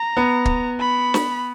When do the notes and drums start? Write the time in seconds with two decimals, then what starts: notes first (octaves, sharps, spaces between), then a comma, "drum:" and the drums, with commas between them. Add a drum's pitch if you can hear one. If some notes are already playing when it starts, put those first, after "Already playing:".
Already playing: A#5
0.17 B3
0.45 drum: kick
0.80 B5
1.14 drum: snare